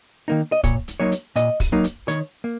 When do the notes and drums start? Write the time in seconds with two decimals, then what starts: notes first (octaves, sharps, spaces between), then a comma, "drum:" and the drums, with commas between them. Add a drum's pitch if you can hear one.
0.28 D#3 A#3 D#4
0.52 D#5
0.64 A#2 C#5, drum: kick, hi-hat
0.88 drum: hi-hat
1.00 F#3 A#3 D#4 C#5
1.12 drum: hi-hat
1.36 A#2 D#5, drum: hi-hat
1.60 drum: kick, open hi-hat
1.72 F#3 A#3 D#4
1.84 drum: hi-hat
2.08 D#3 C#5, drum: hi-hat
2.44 A#3